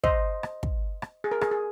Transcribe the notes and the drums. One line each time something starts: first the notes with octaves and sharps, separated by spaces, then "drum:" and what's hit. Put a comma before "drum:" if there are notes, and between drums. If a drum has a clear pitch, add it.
C5 D#5, drum: kick
drum: rim click
drum: kick
drum: rim click
G#4
A#4
G#4, drum: rim click
G#4